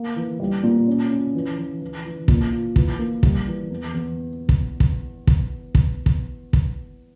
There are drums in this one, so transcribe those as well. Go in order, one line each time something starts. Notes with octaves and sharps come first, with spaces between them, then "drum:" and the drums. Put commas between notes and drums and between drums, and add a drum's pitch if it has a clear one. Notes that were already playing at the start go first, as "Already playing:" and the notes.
Already playing: A#3
E3
G3
A#2
C#4
C#4
E3
E3
E3
E3
A#2, drum: kick
F4
E3, drum: kick
A#3
G3, drum: kick
E3
E2
E2
drum: kick
drum: kick
drum: kick
drum: kick
drum: kick
drum: kick